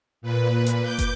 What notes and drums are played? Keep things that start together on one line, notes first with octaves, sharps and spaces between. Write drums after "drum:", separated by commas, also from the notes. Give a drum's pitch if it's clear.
A#2 B4
drum: hi-hat
D6 G6
drum: kick, hi-hat